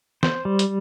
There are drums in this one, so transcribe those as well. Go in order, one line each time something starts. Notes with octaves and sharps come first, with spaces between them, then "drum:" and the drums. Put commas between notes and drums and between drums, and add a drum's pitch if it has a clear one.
C5, drum: snare
G3
drum: hi-hat